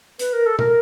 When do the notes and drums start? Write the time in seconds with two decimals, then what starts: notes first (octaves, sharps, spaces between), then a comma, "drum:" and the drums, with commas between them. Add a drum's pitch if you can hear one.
0.19 B4, drum: hi-hat
0.33 A#4
0.46 A4
0.59 A#4, drum: tom